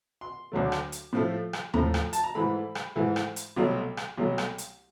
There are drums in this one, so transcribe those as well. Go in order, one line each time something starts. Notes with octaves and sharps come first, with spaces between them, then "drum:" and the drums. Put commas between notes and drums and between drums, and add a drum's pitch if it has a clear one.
C6
D2 D3 F#3 A3
drum: rim click
drum: hi-hat
A2 F3 A3
drum: rim click
A2 F3 A3 A#5, drum: tom D#2
drum: rim click
A5, drum: hi-hat
A#5
G#2 E3 A3 B5
drum: rim click
G#2 E3 A3
drum: rim click
drum: hi-hat
C2 B2 F#3 A3
drum: rim click
C2 B2 F#3 A3
drum: rim click
drum: hi-hat